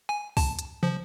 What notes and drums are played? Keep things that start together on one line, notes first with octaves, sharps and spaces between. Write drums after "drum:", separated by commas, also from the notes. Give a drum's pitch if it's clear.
G#5
A5, drum: kick, open hi-hat
drum: hi-hat
F3, drum: tom